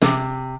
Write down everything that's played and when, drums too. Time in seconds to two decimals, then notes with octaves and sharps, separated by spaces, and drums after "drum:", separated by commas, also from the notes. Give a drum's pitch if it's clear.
0.02 C3, drum: snare